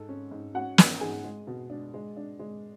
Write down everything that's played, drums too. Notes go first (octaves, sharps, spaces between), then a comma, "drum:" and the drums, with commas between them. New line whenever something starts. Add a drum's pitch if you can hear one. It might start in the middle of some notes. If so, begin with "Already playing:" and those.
Already playing: G#2 A4
C#4
G#2
C#4 F#4 F#5
C#4, drum: snare
G#2 G#4 G#5
G#3
B2
D4
G#3
D4
G#3